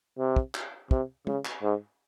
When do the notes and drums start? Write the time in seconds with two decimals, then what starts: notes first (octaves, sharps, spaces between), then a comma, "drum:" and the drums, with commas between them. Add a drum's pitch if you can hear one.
0.18 C3
0.36 drum: kick
0.55 drum: clap
0.91 C3, drum: kick
1.27 C#3, drum: tom
1.45 drum: clap
1.63 G#2